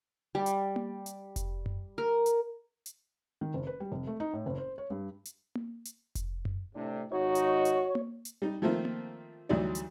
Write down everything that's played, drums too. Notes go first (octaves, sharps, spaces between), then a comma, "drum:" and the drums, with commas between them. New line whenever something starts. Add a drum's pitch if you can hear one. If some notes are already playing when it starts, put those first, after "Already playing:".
G3
drum: hi-hat
drum: tom A#3
drum: hi-hat
drum: kick F1, hi-hat
drum: tom F#2
A#4
drum: hi-hat
drum: hi-hat
D#3
F#1
B4
G3
F1
A3
D#4
A2
F#1
C5
C#5
G2
drum: hi-hat
drum: tom A#3
drum: hi-hat
drum: kick F1, hi-hat
drum: tom F#2
A2 C3 D4
G#1 D#4 F#4 C#5 D#5
drum: hi-hat
drum: hi-hat
drum: tom A#3
drum: hi-hat
G3 D#4
D#3 F3 A3 A#3 C4 F4
drum: tom A#3
D2 E3 F#3 G3 D#4 D5
drum: hi-hat